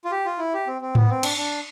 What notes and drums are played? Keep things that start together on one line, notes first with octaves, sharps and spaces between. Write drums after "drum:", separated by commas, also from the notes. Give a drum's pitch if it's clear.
F4
G4
F4
E4
G4
C4
C4
B3, drum: tom G#2
C4
D4, drum: cymbal
D4